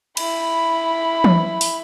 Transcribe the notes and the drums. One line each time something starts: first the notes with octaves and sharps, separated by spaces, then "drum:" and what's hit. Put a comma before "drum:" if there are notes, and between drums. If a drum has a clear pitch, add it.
E4 B5, drum: cymbal
drum: tom E3
drum: open hi-hat